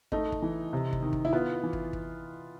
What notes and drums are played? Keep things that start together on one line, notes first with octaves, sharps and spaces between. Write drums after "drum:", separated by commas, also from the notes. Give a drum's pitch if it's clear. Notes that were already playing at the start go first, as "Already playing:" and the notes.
A3 D#4, drum: kick
drum: kick
E3
C3
drum: kick
D#3
drum: kick
E4
B3 F4
E3
drum: kick
drum: kick